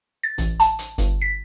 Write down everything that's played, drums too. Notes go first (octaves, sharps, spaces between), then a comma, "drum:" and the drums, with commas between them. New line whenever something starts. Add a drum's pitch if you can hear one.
A6
A1, drum: kick, hi-hat
A5, drum: hi-hat
drum: hi-hat
G1, drum: hi-hat
B6